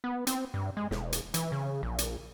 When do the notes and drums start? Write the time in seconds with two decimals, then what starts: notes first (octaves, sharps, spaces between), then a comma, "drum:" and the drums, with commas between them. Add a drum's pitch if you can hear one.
0.04 B3
0.27 C4, drum: hi-hat
0.54 G2
0.77 G#3
0.91 E1, drum: snare
1.12 drum: hi-hat
1.34 E3, drum: hi-hat
1.52 C#3
1.83 A#1
1.98 drum: hi-hat